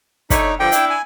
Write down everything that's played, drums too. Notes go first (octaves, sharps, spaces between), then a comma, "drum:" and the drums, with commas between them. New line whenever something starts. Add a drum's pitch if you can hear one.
D3 A3 D#4 C#5, drum: kick, hi-hat
G2 D3 F3 G5
D4 E4, drum: hi-hat
G#5